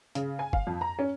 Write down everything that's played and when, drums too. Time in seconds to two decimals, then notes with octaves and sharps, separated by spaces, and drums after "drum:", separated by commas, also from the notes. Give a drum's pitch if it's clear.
0.15 C#3, drum: hi-hat
0.39 G#5
0.53 F5, drum: kick F#1
0.67 F2
0.81 A#5
0.99 C#4